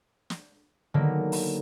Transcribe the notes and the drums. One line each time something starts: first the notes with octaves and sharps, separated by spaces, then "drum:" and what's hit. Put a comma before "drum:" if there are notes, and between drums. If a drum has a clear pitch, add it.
drum: snare
D3 D#3 F#3 G#3 A#3 B3
drum: open hi-hat